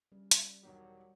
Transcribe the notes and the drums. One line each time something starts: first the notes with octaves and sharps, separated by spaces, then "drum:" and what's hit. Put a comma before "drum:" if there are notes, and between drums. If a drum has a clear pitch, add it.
C#3 G3
drum: hi-hat
E1 D#3 F#3 G4